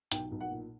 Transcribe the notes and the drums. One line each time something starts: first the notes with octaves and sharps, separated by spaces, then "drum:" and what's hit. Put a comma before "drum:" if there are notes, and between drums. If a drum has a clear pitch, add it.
B1 G5, drum: hi-hat
B1
F#5
A#2